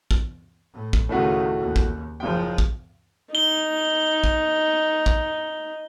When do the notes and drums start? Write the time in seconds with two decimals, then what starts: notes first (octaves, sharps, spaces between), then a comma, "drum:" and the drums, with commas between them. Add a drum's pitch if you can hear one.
0.11 drum: kick
0.73 A2
0.93 drum: kick
1.09 C#2 A2 D#3 A3 F#4
1.59 D#2
1.76 drum: kick
2.20 F#1 F3 G#3 G5
2.58 drum: kick
3.35 D#4 G7
4.24 drum: kick
5.06 drum: kick